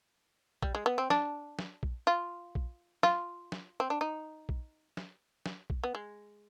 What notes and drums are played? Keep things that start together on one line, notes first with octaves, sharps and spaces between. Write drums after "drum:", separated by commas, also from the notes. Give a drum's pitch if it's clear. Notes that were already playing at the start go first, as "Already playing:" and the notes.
G3, drum: kick A#1
G#3
B3
C4
D4, drum: snare
drum: snare
drum: kick A#1
F4
drum: kick A#1
F4, drum: snare
drum: snare
C4
D4
D#4
drum: kick A#1
drum: snare
drum: snare
drum: kick A#1
B3
G#3